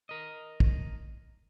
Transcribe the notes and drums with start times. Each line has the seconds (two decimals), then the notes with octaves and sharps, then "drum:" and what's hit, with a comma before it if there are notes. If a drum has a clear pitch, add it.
0.09 A#4 D#5
0.60 drum: kick